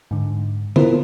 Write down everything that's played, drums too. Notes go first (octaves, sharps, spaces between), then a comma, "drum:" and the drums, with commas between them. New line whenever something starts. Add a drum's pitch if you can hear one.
G#2 D3
B3 E4 F4 A#4 C5, drum: tom